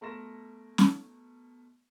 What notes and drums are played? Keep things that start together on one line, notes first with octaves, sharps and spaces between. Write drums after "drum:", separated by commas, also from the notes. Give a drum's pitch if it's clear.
B2 A3 A#4 C6 A#6 E7
drum: snare